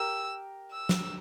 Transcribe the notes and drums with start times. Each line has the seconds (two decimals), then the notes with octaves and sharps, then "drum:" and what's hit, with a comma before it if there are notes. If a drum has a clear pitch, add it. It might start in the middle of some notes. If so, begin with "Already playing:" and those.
Already playing: G4 A#4 E6
0.72 E6
0.89 drum: snare